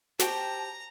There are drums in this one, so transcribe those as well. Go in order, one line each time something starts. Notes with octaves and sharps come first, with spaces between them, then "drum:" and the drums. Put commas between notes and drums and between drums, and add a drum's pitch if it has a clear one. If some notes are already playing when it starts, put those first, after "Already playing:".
F#4 G4 C5 G5 A5 A#5, drum: snare